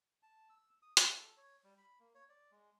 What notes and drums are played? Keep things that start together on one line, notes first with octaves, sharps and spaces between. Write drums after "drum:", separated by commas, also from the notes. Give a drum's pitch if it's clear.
A5
E6
D#6
G#5, drum: hi-hat
A4
C#5
G3
B5
A#3
C#5
D5
G#3